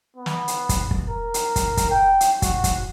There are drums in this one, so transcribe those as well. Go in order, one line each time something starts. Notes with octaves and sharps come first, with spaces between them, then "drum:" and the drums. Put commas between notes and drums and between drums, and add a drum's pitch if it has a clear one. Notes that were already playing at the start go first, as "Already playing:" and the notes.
B3
drum: snare
drum: hi-hat
drum: kick, hi-hat
drum: kick
A#4
drum: hi-hat
drum: kick, hi-hat
drum: kick, hi-hat
G5
drum: hi-hat
F#4, drum: kick, hi-hat
drum: kick, hi-hat